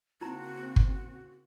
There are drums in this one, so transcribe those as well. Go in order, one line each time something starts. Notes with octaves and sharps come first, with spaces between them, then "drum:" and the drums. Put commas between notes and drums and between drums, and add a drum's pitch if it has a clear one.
C#3 A#3 C4 D#4 E4 F#4 A#5
drum: kick